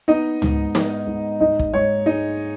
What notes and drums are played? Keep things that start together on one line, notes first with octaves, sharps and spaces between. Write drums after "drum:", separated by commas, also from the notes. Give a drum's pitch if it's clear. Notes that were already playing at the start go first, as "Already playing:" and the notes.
B3 D#4 D#5
G#2, drum: tom C#2
B3, drum: snare
G#2
G#2 D#4 D#5
drum: kick
G#2 C#5
G#3 D#4 D#5